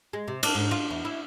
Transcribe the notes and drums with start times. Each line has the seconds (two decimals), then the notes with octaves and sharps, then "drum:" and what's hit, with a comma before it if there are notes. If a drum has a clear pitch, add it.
0.13 G#3
0.28 C3
0.43 D4, drum: cymbal
0.55 G#2
0.71 F4
0.90 E2
1.05 E4